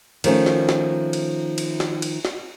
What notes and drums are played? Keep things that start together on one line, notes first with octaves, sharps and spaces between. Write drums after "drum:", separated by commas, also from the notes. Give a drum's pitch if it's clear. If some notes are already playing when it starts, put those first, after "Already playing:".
D#3 F3 A3 C#4, drum: cymbal
drum: snare
drum: snare
drum: cymbal
drum: cymbal
drum: snare
drum: cymbal
drum: snare